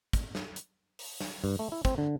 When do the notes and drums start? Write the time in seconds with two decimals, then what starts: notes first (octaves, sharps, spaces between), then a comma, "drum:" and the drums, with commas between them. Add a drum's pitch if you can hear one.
0.13 drum: kick, hi-hat
0.35 drum: snare
0.56 drum: hi-hat
0.99 drum: open hi-hat
1.20 drum: snare
1.44 G2, drum: open hi-hat
1.59 A3
1.72 E4
1.85 C4, drum: kick, hi-hat
1.98 D3